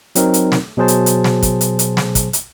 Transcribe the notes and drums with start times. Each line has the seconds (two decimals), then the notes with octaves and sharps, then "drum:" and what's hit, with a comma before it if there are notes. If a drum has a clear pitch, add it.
0.15 F#3 C4 D#4 A#4, drum: hi-hat
0.34 drum: hi-hat
0.52 drum: snare
0.77 B2 F#3 G#4 C5 A5
0.88 drum: hi-hat
1.06 drum: hi-hat
1.24 drum: snare
1.43 drum: kick, hi-hat
1.61 drum: hi-hat
1.79 drum: hi-hat
1.97 drum: snare
2.15 drum: kick, hi-hat
2.33 drum: hi-hat